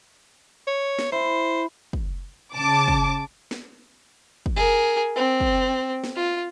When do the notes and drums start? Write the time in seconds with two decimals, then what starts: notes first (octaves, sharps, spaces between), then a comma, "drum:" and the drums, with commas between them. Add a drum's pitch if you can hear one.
0.67 C#5
0.99 drum: snare
1.12 E4 C5
1.93 drum: kick
2.53 C#3 A5 D6
2.88 drum: kick
3.51 drum: snare
4.46 drum: kick
4.57 G#4 A#4
5.16 C4
5.40 drum: kick
6.04 drum: snare
6.16 F4